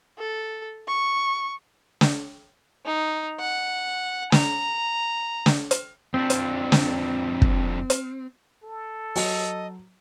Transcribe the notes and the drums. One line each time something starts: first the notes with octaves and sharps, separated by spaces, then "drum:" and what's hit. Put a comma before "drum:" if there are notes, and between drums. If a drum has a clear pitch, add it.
A4
C#6
drum: snare
D#4
F#5
A#5, drum: snare
drum: snare
drum: hi-hat
F2 C4 D4
drum: hi-hat
drum: snare
drum: kick
drum: hi-hat
A4
F#3 D#5, drum: open hi-hat